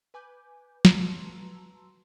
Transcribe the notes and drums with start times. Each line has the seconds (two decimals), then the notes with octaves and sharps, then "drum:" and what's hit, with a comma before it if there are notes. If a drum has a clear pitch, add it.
0.14 B4 G#5 D6 G6
0.85 F#4 B4 A5 A#5 C6 E6, drum: snare